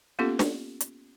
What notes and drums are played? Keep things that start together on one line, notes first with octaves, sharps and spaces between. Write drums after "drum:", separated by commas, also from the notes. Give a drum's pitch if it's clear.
A#3 B3 C#4 F4 G4 A4
drum: snare
drum: hi-hat